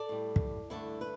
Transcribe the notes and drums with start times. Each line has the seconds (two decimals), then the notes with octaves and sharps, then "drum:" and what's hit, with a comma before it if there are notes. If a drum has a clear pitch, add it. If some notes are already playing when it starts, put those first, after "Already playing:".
Already playing: A4 D5
0.09 A2 G3
0.36 drum: kick
0.70 G2 D3 A3 E4 A4
1.01 B4